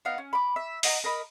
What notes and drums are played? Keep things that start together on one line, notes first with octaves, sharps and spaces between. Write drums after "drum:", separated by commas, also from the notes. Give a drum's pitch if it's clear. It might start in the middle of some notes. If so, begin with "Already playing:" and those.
B3 D#4 F5 F#5
C#4
B5 D6
E5
D#5 F#5 A#5, drum: open hi-hat
A#4 D#5 B5